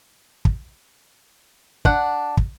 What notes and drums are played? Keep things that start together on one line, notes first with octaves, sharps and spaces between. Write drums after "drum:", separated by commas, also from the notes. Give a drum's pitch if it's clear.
drum: kick
D4 F#5, drum: kick
drum: kick